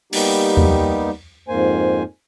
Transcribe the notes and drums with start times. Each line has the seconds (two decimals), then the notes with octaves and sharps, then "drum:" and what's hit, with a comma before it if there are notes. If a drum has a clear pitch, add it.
0.13 G3 A#3 B3 D#4 G4, drum: open hi-hat
0.57 drum: tom E2
1.48 F2 G#2 A#3 C5 G#5